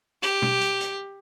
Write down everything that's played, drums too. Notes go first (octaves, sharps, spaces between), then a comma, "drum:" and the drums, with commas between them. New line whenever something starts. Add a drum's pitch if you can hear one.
G4, drum: hi-hat
drum: tom B2
drum: hi-hat
drum: hi-hat